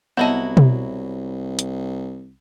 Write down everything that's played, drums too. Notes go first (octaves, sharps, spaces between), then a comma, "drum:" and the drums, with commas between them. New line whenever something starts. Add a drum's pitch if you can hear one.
C2 F#3 B3 E4 D#5 A5
drum: tom B2
drum: hi-hat